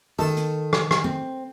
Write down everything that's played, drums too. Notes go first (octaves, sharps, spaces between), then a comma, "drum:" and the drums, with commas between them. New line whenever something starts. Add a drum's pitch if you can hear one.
D#3 A4 A5
drum: hi-hat
drum: rim click
drum: rim click
C4